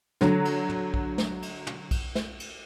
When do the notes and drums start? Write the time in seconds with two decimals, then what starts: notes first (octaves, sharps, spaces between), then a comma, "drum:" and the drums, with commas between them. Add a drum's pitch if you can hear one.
0.21 D3 F#3, drum: snare
0.45 drum: cymbal
0.69 drum: tom
0.94 drum: kick B1
1.18 drum: snare
1.42 drum: cymbal
1.67 drum: tom
1.91 drum: kick B1, cymbal
2.15 drum: snare
2.40 drum: cymbal